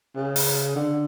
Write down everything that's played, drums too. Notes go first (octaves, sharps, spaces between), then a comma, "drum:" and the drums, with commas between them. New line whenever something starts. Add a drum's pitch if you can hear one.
C#3
drum: open hi-hat
D3